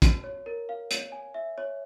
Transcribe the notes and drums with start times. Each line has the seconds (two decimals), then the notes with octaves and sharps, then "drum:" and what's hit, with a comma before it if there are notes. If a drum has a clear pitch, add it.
0.02 F#4, drum: kick, hi-hat
0.24 C#5
0.46 A#4
0.69 F5
0.91 C#5, drum: hi-hat
1.12 G#5
1.34 E5
1.58 C#5